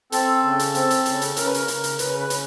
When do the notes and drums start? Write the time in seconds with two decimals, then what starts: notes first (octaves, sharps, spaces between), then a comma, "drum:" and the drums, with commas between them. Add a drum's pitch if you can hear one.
0.12 C4 A4, drum: hi-hat
0.43 C#3
0.59 drum: hi-hat
0.75 C4, drum: hi-hat
0.90 drum: hi-hat
1.06 C#3, drum: hi-hat
1.22 drum: hi-hat
1.37 C#3 A#4, drum: hi-hat
1.46 B4
1.54 A#4, drum: hi-hat
1.68 C#3, drum: hi-hat
1.84 drum: hi-hat
1.99 C#3 B4, drum: hi-hat
2.19 B4
2.30 C#3, drum: hi-hat